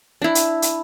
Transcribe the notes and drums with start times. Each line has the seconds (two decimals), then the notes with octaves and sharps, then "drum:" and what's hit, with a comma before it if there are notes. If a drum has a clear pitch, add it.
0.22 D4 E4
0.35 drum: hi-hat
0.62 drum: hi-hat